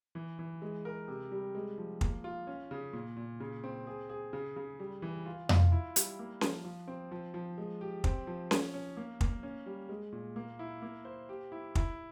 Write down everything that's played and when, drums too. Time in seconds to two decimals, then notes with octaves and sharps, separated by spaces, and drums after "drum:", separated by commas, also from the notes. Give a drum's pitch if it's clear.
0.15 E3
0.39 E3
0.62 G#3
0.85 A#4
1.08 C3
1.32 G3
1.55 G#3
1.78 F3
2.01 A#3, drum: kick
2.24 F4
2.47 C#4
2.71 C#3
2.93 A#2
3.17 A#2
3.40 C#3
3.64 C4
3.87 G#4
4.09 G#4
4.33 C#3
4.56 C#3
4.80 G3
5.02 E3
5.26 F4
5.49 F4, drum: tom F2
5.72 E4
5.96 G3, drum: hi-hat
6.19 A#3
6.41 F3, drum: snare C#4
6.65 F3
6.88 C4
7.11 F3
7.34 F3
7.58 G#3
7.81 G4
8.04 C4, drum: kick
8.27 F3
8.51 C#4, drum: snare C#4
8.74 C#4
8.97 A#3
9.21 A#3, drum: kick
9.43 C#4
9.66 G3
9.89 G#3
10.12 A#2
10.36 A#3
10.59 E4
10.82 A#3
11.05 C5
11.29 G4
11.52 E4
11.75 E4, drum: kick